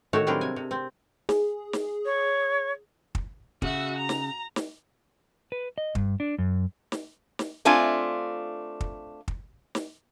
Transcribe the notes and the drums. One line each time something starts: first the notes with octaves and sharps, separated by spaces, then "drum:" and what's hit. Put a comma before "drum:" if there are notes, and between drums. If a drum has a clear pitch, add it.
A2 D#3 A3 F#4 C#5 A5
F#3 G3 C4 D4 G#4 A#4
C3 G#5
C3
C4
G#4, drum: snare
drum: snare
C#5
drum: kick
C#3 F#4 E5, drum: kick
A#5
drum: snare
drum: snare
B4
D#5
G2, drum: kick
D4
F#2
drum: snare
drum: snare
A3 C4 D4 F4 G#5
drum: kick
drum: kick
drum: snare